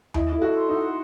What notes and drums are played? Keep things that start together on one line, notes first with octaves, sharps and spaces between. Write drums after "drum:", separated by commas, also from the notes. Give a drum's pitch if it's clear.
E4 D#5, drum: tom D#2
E4 A4
F#4
C6
D#4
F#5